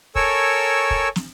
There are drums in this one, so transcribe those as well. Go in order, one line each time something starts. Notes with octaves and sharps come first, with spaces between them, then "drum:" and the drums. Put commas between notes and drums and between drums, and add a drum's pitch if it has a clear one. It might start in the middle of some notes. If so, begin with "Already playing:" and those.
A4 A#4 C#5 G#5 C#6 E6, drum: kick
drum: kick
drum: snare